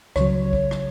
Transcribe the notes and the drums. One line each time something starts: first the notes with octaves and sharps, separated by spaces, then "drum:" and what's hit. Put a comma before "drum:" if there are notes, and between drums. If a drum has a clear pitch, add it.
C#2 C#3 F#3 C#5, drum: rim click
drum: kick
drum: rim click